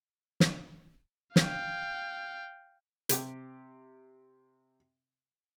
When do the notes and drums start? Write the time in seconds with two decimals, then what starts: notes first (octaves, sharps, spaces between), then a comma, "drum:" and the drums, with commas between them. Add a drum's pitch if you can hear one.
0.40 drum: snare
1.36 F5 G5, drum: snare
3.09 C3 G4, drum: hi-hat